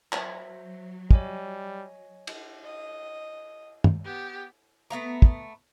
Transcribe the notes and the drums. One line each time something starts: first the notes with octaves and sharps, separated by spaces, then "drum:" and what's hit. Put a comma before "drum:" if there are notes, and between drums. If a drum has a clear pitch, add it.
F#3 C5 E5, drum: clap
G3 C#5 D#5 G#5, drum: kick
drum: cymbal
D#5
drum: tom
B3 G4
A3 B3 F5 A#5
drum: kick